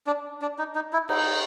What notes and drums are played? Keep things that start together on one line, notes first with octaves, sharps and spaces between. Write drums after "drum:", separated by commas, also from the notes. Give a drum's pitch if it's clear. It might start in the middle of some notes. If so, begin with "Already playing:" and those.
D4
D4
D#4
D#4
E4
D#4, drum: cymbal